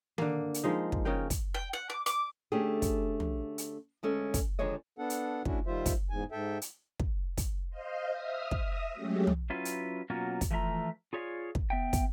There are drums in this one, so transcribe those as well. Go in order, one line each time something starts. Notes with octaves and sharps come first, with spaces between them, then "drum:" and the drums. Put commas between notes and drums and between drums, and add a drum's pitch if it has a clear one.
D3 A#3, drum: tom D#3
drum: hi-hat
F3 G#3 D#4
drum: kick
C#3 C#4 A#4 G5
drum: kick, hi-hat
G5
F#5
D6
D6, drum: hi-hat
D3 A3 C#4 D4 G4 G#4
drum: kick, hi-hat
drum: tom
drum: hi-hat
D2 G#3 C#4 A4
drum: kick, hi-hat
D3 D#3 F3 G#3 C#5 D#5
B3 D4 A4 F#5
drum: hi-hat
A3 C#4 D4 E4 F#4, drum: kick
D#3 G3 F4 C5 E5
drum: kick, hi-hat
E2 G#2 G#5
G#2 A4 E5 G5
drum: hi-hat
drum: kick
drum: kick, hi-hat
C5 D#5 F5
E5 D#6 F6
drum: kick
E5 D#6 A#6
F#3 G#3 A3 C#4 G4
drum: tom
F#3 C#4 E4 F4 B4
drum: hi-hat
B2 F#3 A#3 C#4 F4 F#4
drum: kick, hi-hat
E3 F3 A3 F4 E5 A#5
F4 G#4 C#5 D5 E5 F5
drum: kick
B3 E5 G5
drum: kick, hi-hat